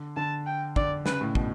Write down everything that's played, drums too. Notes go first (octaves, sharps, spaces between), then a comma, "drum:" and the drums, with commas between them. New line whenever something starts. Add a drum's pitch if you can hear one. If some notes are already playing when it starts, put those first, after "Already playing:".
Already playing: D3
D3 A5
G5
D3 D5, drum: kick
C#3 B4, drum: snare
A2
B2, drum: kick